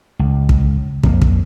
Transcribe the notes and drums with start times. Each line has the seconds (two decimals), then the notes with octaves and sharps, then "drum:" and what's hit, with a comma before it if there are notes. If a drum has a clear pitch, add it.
0.19 C#2
0.49 drum: kick
1.03 F2 A#3, drum: kick
1.22 drum: kick